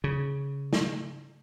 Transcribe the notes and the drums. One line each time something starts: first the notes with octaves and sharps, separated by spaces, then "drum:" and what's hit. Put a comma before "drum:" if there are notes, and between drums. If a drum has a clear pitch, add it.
C#3
drum: snare